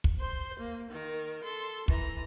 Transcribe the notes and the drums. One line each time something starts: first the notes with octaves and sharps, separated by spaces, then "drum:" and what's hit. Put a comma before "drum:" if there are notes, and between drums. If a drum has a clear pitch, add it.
drum: kick
C5 C6
A#3
D#3 A#4
A4 C6
E3 A#5, drum: kick